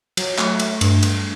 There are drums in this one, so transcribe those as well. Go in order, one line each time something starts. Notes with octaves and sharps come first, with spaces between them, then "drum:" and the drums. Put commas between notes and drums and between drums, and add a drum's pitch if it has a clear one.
F#3, drum: cymbal
A3, drum: clap
A3, drum: cymbal
G2, drum: cymbal
G2, drum: cymbal